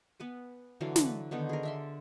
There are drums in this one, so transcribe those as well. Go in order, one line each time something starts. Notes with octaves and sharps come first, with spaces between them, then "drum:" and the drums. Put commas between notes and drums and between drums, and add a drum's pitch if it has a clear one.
B3 B4 G#5
D3 E3 F#3 F5
drum: snare
B4
D3 D#3 B3 D#4
G#4 A#4
D4 E5 C6